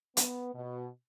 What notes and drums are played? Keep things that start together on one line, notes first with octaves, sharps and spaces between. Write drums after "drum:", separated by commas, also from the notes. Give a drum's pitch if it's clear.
B3, drum: hi-hat
B2